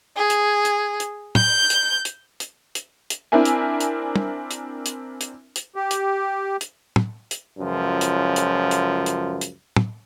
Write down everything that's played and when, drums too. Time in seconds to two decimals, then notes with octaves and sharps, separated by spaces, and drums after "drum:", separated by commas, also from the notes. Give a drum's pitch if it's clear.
0.17 G#4
0.30 drum: hi-hat
0.65 drum: hi-hat
1.00 drum: hi-hat
1.35 G6, drum: tom
1.70 drum: hi-hat
2.05 drum: hi-hat
2.40 drum: hi-hat
2.75 drum: hi-hat
3.10 drum: hi-hat
3.32 C4 D4 E4 A#4 E5 G#5
3.45 drum: hi-hat
3.80 drum: hi-hat
4.16 drum: tom
4.51 drum: hi-hat
4.86 drum: hi-hat
5.21 drum: hi-hat
5.56 drum: hi-hat
5.76 G4
5.91 drum: hi-hat
6.61 drum: hi-hat
6.96 drum: tom
7.31 drum: hi-hat
7.58 C#2 F#2 F3
8.01 drum: hi-hat
8.36 drum: hi-hat
8.71 drum: hi-hat
9.06 drum: hi-hat
9.41 drum: hi-hat
9.76 drum: tom